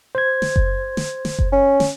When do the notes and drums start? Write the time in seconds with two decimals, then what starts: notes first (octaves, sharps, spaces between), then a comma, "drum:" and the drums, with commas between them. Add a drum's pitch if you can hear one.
0.15 C5 G#6
0.42 drum: snare
0.56 drum: kick F#1
0.97 drum: snare
1.25 drum: snare
1.39 drum: kick F#1
1.52 C#4
1.80 drum: snare